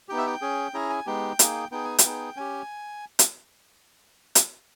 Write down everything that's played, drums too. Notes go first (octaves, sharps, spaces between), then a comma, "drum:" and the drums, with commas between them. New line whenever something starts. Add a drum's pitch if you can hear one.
B3 D#4 G4 G5
E5
G5
C#4 G#4
C#4 E4 G#4 A#5
G#5
G#3 B3 D#4 G4 G5
A#3 D#4 G#4, drum: hi-hat
B3 D#4 G#4 G5
G#5
G5, drum: hi-hat
B3 D#4 G#4
C#4 G4 G#5
drum: hi-hat
drum: hi-hat